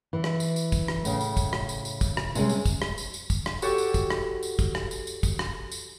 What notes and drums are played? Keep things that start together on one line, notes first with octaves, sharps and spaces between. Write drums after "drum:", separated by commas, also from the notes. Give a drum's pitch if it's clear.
E3
drum: rim click
drum: tambourine
drum: tambourine
drum: kick, tambourine
drum: rim click
A2 C#3, drum: tambourine
drum: tambourine
drum: kick, tambourine
drum: rim click
drum: tambourine
drum: tambourine
drum: kick, tambourine
drum: rim click
C3 G3 G#3 A#3 C#4, drum: tambourine
drum: tambourine
drum: kick, tambourine
drum: rim click
drum: tambourine
drum: tambourine
drum: kick, tambourine
drum: rim click
F#4 G4 A4 C#5, drum: tambourine
drum: tambourine
drum: kick, tambourine
drum: rim click
drum: tambourine
drum: kick, tambourine
drum: rim click
drum: tambourine
drum: tambourine
drum: kick, tambourine
drum: rim click
drum: tambourine